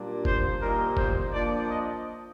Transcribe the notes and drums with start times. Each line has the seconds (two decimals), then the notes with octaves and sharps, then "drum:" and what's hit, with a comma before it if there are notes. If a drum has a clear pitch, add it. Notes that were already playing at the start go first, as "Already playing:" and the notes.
Already playing: A#2 G3 D4
0.25 C5, drum: kick F#1
0.61 A#2 G3 A#3 D#4 A#4
0.97 C5, drum: kick F#1
1.32 F3 A#3 D4 D5
1.68 D#5